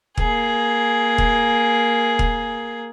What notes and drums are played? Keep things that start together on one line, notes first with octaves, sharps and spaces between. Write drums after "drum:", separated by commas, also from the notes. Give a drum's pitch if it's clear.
A#3 G#4, drum: kick
drum: kick
drum: kick